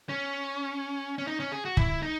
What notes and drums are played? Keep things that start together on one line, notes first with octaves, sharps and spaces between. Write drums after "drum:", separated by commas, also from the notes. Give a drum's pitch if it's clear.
C#4
C#4
D#4
C#4
G#4
F#4
E4, drum: kick
D#4